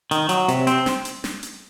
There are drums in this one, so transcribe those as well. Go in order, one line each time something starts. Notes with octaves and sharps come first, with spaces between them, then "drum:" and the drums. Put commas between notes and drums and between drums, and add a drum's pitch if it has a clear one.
D#3, drum: hi-hat
F#3, drum: hi-hat
C3, drum: hi-hat
C4, drum: hi-hat
drum: snare
drum: hi-hat
drum: snare
drum: hi-hat